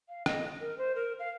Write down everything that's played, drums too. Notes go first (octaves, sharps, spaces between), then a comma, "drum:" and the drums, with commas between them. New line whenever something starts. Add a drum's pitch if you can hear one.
F5
D#5, drum: rim click
A#4
C5
A#4
F5